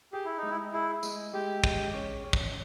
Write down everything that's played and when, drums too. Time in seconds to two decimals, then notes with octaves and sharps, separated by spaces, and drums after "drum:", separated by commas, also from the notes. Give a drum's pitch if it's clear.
0.13 G4 G#4
0.25 E4
0.38 D#4
0.43 G#3
0.50 E4
0.73 E4 G#4
1.03 G#3, drum: tambourine
1.33 G#3 G4
1.64 G#3, drum: kick
1.94 C#4
2.24 C#4
2.33 drum: kick